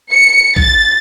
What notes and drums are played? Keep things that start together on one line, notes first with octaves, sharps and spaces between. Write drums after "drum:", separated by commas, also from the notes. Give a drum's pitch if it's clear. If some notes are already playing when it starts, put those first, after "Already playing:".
C#7
A6, drum: kick